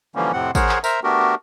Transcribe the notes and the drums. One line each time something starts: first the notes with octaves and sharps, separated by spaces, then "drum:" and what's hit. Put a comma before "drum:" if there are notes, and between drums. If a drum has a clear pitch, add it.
D3 E3 F3 G3 A#3 C#4
F2 A2 C3 C4 F#5
G#4 A#4 C5 C#5 F#5, drum: kick G#1, tambourine
drum: clap
A#4 C5 E5 A#5, drum: tambourine
A3 B3 D4 F#4 G4 A#4